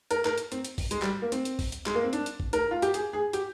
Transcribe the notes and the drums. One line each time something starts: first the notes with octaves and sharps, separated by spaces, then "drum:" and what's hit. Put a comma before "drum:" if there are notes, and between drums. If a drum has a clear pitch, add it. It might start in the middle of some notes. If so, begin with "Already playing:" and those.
A#4, drum: hi-hat
A#4, drum: clap
drum: hi-hat
C4, drum: hi-hat
drum: hi-hat
drum: kick G#1, open hi-hat
G#3, drum: hi-hat
G3, drum: clap
A#3
C4, drum: hi-hat
drum: hi-hat
drum: kick G#1, open hi-hat
drum: hi-hat
G#3, drum: clap
A#3
C4
D4, drum: hi-hat
drum: hi-hat
drum: kick G#1
A#4, drum: hi-hat
F4
G4, drum: hi-hat
G#4, drum: hi-hat
G#4
G4, drum: hi-hat